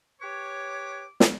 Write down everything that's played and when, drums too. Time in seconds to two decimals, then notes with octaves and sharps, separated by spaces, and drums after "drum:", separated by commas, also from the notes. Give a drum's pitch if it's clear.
0.22 G4 B4 C#5 D6
1.20 drum: snare